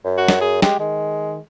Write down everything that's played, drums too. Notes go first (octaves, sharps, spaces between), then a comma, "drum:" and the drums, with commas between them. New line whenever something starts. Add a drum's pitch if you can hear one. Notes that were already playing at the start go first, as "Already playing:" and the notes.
F#2
F#4
drum: snare
G#4
G#3 G4, drum: snare
D#3 G#3